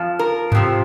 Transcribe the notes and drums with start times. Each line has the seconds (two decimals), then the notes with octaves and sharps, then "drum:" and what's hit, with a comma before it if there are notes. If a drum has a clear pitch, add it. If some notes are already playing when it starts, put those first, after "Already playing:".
Already playing: F2 F3
0.19 A#4
0.52 F2 C3 F3, drum: tom G2